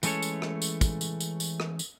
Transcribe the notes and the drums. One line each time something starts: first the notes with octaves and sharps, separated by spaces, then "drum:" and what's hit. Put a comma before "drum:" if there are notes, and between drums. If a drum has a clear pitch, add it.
E3 G#3 A3 C#4 A4 C#5, drum: tambourine
drum: tambourine
drum: rim click
drum: tambourine
drum: kick, tambourine
drum: tambourine
drum: tambourine
drum: tambourine
drum: rim click
drum: tambourine